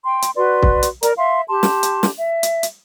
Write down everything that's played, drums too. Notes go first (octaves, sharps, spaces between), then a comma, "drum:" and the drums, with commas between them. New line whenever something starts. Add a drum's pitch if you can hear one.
G5 C6
drum: hi-hat
F#4 B4 D5 C6
drum: kick
drum: hi-hat
A#4 D5 A#5, drum: hi-hat
E5 F5 C6
G4 A5 C6
drum: snare
drum: hi-hat
drum: snare
E5
drum: hi-hat
drum: hi-hat